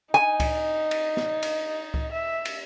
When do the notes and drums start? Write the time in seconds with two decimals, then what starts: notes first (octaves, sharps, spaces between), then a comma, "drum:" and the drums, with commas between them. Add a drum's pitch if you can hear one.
0.14 D#4 G#5
0.40 drum: kick C#2, cymbal
0.91 drum: cymbal
1.17 drum: snare
1.43 drum: cymbal
1.94 drum: kick C#2
2.12 E5
2.45 drum: cymbal